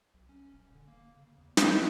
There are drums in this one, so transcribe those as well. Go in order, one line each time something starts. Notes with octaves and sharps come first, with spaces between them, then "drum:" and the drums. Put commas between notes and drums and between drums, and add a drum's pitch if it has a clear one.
B1
C#4
D#1
D3
A#3
C#3
E2
A#3, drum: snare